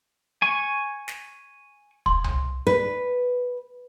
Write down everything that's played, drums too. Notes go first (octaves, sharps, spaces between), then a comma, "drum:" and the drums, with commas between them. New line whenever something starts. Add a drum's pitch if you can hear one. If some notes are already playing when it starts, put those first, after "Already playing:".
G#5 C#6
drum: snare
C6, drum: kick
drum: tom C2
B4